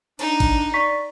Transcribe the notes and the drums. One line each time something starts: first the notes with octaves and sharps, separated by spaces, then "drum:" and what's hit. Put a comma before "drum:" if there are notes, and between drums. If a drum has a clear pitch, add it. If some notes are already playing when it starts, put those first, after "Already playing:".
D4 D#4, drum: cymbal
drum: kick G#1, cymbal
D5 C#6 B6